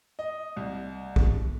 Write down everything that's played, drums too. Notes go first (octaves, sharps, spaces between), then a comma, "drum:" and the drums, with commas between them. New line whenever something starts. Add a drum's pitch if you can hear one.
D#5
C2
drum: kick